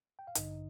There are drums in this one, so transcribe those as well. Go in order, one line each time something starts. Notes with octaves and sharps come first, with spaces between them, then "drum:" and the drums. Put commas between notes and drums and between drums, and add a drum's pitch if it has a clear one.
G5
F5
A1 G2 D3 D#4 D#5, drum: hi-hat